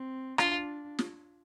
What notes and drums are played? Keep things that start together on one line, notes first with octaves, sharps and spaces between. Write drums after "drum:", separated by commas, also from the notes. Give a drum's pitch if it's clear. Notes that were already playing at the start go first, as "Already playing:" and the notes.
Already playing: C4
D4 F4, drum: rim click
drum: snare